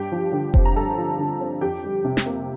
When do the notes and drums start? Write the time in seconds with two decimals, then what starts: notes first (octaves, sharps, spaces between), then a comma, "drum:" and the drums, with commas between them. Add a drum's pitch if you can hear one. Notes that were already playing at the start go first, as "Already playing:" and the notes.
Already playing: G2 G4 G5
0.12 F3
0.32 D3
0.54 C4, drum: kick F1
0.65 A#5
0.76 G2 A4 A5
0.98 F3
1.18 D3
1.41 C4
1.61 F2 G4 G5
1.84 G3
2.04 C3
2.17 drum: snare
2.26 A#3